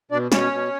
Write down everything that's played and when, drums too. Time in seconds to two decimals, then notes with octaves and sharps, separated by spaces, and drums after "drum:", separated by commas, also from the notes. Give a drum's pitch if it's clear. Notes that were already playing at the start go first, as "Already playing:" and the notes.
0.11 B2 D4 D5
0.32 B2 C#4 C#5, drum: snare
0.52 B2